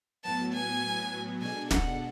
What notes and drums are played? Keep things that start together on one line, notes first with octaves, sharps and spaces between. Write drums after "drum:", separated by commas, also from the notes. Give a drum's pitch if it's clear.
A2 F#3 B3 A5
G#5
B2 G#3 D4 A4 G#5
F#5, drum: snare